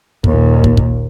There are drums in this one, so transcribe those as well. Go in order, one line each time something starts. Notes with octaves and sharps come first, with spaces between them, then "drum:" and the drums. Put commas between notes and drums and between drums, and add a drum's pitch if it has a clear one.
D#2 A#2, drum: kick
drum: kick
drum: kick